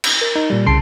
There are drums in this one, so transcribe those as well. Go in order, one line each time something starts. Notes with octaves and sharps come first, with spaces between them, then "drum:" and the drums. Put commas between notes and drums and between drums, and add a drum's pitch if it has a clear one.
drum: cymbal
A#4
D#4
A#2 G3
C2 C#3 A5 C6 C7 D7